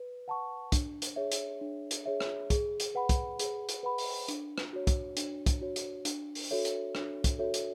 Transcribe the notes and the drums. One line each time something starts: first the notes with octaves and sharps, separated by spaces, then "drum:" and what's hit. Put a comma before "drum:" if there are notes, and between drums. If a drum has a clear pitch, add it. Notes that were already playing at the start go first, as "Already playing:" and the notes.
Already playing: B4
F#5 A5 C#6
D4, drum: kick, hi-hat
drum: hi-hat
G#4 C#5 E5
drum: hi-hat
D4
drum: hi-hat
G#4 C#5 E5
drum: rim click
G#4, drum: kick, hi-hat
drum: hi-hat
B4 F#5 B5
drum: kick, hi-hat
G#4, drum: hi-hat
drum: hi-hat
B4 F#5 B5
drum: open hi-hat
D4, drum: hi-hat
drum: rim click
F#4 C#5
drum: kick, hi-hat
D4, drum: hi-hat
drum: kick, hi-hat
F#4 C#5
drum: hi-hat
D4, drum: hi-hat
drum: open hi-hat
F#4 A4 C#5 E5
drum: hi-hat
D4, drum: rim click
drum: kick, hi-hat
F#4 A4 C#5 E5
drum: hi-hat